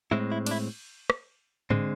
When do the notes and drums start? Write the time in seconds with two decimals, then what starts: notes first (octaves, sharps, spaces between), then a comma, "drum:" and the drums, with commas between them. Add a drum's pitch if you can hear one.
0.11 A2 G#3 C4 E4
0.32 E4
0.46 D4, drum: cymbal
0.51 E4
1.10 drum: rim click
1.70 D3 G#3 C4, drum: tom G#2